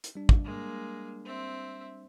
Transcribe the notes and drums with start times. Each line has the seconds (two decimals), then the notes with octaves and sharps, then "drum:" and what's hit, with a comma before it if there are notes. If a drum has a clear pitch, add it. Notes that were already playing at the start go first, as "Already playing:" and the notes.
0.04 drum: hi-hat
0.15 G3 D4
0.29 drum: kick
0.44 G#3 A#3
1.25 C4 E5